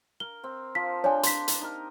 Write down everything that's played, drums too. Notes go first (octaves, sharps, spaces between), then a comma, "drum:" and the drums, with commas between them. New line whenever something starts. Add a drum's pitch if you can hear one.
A#4 G7
C4
F3 B6
D4 G4 C#5 D5 G5 G#5
C6 B6, drum: hi-hat
drum: hi-hat
D#4 A#4